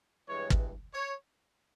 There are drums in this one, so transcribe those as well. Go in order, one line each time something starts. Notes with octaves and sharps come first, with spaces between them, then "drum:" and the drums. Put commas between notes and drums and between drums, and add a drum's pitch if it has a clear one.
G2 E3 G#3 C#5
drum: kick
C#5